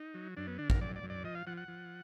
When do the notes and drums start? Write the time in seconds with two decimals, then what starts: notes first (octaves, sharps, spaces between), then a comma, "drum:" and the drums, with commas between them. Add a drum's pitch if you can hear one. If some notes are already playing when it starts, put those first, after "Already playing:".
Already playing: D#4
0.14 F#3
0.37 F#2 D4
0.47 B3
0.58 D3 D4
0.70 A#4, drum: kick
0.81 F#2 D5
0.96 D5
1.03 F#2
1.10 D5
1.24 F3 D#5
1.35 F5
1.47 F3 F#5
1.57 F#5
1.68 F3